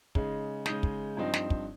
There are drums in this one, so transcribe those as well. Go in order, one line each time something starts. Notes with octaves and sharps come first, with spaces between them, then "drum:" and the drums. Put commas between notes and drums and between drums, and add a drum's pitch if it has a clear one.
C#3 G#3 D#4, drum: kick
C#3 G#3 D#4 D#6 G6, drum: snare
drum: kick
G2 F3 C4 D#4
drum: snare
drum: kick